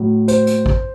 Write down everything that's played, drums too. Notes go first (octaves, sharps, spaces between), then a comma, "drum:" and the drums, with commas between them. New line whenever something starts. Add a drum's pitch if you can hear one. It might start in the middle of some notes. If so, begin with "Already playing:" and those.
Already playing: A2 F#3
C5, drum: hi-hat
drum: hi-hat
drum: kick